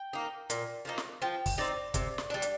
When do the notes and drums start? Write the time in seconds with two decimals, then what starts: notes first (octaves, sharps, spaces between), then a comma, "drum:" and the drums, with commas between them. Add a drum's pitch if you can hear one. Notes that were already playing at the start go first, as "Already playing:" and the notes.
Already playing: G5
0.13 A#3 D#4
0.50 A#2, drum: hi-hat
0.85 F3 A#3 D#4
0.98 drum: snare
1.22 F3 G5
1.46 drum: kick, open hi-hat
1.58 C4 D#4 D5
1.94 C3, drum: kick, hi-hat
2.18 drum: snare
2.30 G3 D4
2.42 drum: hi-hat